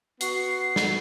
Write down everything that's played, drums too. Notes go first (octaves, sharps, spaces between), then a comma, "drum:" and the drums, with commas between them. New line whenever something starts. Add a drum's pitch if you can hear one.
B3 F#4 C7, drum: hi-hat
drum: snare